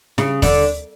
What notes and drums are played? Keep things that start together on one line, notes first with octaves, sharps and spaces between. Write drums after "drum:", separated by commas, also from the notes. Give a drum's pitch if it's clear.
C#3, drum: snare
D3, drum: kick D#2, open hi-hat